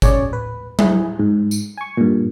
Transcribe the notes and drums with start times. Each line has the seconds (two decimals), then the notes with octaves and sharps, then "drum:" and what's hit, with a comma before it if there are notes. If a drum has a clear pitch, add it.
0.02 C#4 G#4 C#5 D5, drum: kick G1, tambourine
0.33 B4
0.79 E4 G#4, drum: tom F#3
1.19 G#2
1.51 drum: tambourine
1.77 G#5 C#6
1.97 G2 A#2